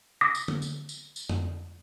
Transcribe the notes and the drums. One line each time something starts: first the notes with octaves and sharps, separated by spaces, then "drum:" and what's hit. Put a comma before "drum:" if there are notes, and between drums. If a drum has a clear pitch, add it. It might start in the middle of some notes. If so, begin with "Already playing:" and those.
D6 D#6 A#6 B6
drum: tambourine
drum: tom
drum: tambourine
drum: tambourine
drum: tambourine
drum: tom F2